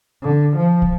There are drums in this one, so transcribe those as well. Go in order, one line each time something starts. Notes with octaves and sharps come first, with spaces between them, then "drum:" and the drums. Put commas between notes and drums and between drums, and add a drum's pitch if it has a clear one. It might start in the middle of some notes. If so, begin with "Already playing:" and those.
D3
F3
drum: kick